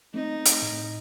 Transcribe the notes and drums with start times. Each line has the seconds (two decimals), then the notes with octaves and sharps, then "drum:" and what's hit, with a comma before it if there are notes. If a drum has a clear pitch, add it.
0.14 A3 C4 D#4
0.45 drum: hi-hat
0.62 A2